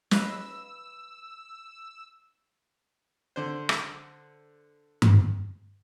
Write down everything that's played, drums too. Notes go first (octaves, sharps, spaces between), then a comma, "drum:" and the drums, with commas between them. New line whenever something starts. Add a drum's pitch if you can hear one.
B4 D#5 F5 E6, drum: snare
D3 C5
drum: rim click
drum: tom G2